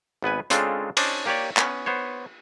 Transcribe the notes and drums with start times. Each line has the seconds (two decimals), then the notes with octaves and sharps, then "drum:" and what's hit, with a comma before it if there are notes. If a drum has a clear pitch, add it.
0.22 G#1 B3 B4 G#5
0.50 C#3 G#3 C4 D4 F4 A4, drum: hi-hat
0.97 C#4 D4 C5 D5 D#5, drum: cymbal
1.26 A#3 G4 C#5 D5
1.57 B3 C#4, drum: clap
1.86 B3 C5 C#5